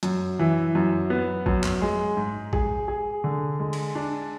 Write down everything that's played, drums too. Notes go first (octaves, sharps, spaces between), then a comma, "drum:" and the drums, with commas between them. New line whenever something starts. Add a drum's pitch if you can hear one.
F#2, drum: hi-hat
E3
F#2
B3
F#2, drum: kick A1
drum: clap
G#3
G#2
G#4, drum: kick A1
G#4
D3
G#3
drum: cymbal
D4